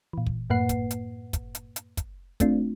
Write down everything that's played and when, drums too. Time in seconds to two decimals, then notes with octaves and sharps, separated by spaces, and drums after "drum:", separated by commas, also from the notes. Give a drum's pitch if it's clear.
0.13 A#2 E3
0.26 drum: kick
0.50 F#2 A2 A#3 B4 F#5 C7
0.69 drum: kick, hi-hat
0.91 drum: hi-hat
1.33 drum: kick, hi-hat
1.55 drum: hi-hat
1.76 drum: hi-hat
1.97 drum: kick, hi-hat
2.40 A3 C4 D4 F4, drum: kick, hi-hat